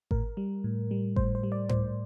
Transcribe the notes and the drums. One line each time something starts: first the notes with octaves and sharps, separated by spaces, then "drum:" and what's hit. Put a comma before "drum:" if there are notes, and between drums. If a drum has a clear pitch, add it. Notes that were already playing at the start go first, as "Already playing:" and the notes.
A2 A#4, drum: kick G#1
G3
A2
G3
A2 C5, drum: kick G#1
C5
G3
D5
A2 C5, drum: tom G#2